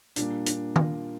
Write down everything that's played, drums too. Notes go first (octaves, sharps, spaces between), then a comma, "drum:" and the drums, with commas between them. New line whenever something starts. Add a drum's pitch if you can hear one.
A#2 G3 A#3 D4, drum: hi-hat
D4, drum: hi-hat
F4, drum: tom D#3